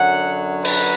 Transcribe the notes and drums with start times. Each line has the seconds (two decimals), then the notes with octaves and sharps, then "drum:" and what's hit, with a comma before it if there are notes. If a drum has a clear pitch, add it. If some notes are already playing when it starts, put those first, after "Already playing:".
Already playing: F#2 D3 F#3 F#5
0.65 B4, drum: cymbal